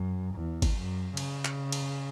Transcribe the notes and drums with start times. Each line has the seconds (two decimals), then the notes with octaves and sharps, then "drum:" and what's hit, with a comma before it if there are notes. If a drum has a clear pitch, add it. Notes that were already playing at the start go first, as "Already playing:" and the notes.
Already playing: F#2
0.35 E2
0.62 drum: kick G#1, cymbal
0.77 F#2
1.17 C#3, drum: cymbal
1.45 drum: clap
1.72 drum: cymbal